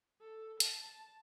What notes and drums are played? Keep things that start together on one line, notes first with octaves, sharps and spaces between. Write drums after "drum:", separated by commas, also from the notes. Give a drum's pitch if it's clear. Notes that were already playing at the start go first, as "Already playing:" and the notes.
A4
A5, drum: hi-hat